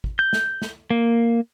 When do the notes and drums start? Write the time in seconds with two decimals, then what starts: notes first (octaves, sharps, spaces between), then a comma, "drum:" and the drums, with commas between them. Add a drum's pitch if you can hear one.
0.04 drum: kick
0.19 G6
0.33 drum: snare
0.62 drum: snare
0.90 A#3